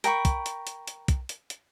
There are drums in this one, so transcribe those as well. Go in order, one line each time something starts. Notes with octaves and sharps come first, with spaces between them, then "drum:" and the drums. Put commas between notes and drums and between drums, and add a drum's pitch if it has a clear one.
A#4 G5 B5 C#6, drum: hi-hat
drum: kick, hi-hat
drum: hi-hat
drum: hi-hat
drum: hi-hat
drum: kick, hi-hat
drum: hi-hat
drum: hi-hat